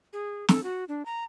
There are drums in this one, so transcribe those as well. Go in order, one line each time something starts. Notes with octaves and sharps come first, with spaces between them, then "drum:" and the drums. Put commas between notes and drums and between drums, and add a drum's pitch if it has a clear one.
G#4
A4, drum: snare
F#4
D4
A#5